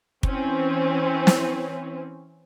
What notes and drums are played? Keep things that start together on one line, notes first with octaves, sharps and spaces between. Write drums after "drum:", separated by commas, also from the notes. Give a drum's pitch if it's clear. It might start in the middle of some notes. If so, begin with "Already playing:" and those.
E3 C4 C#4, drum: kick
drum: snare